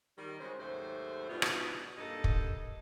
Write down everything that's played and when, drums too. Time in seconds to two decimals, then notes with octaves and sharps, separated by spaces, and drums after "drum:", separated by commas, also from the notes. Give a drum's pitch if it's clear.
0.18 D#3 G3
0.40 C#3 G#3 C4 F#4 C5
0.60 D#2 G#2 F#3 A3 G4 C5
1.30 B2 G#3 B3 D4 D#4 F4
1.42 drum: rim click
1.98 G2 A#3 D#4 A4 D#5
2.24 drum: kick